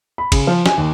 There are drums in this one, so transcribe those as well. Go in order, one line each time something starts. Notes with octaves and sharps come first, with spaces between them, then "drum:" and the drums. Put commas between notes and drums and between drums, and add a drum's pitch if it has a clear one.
B5
C#3, drum: kick, cymbal
F3
G#5, drum: snare
D#2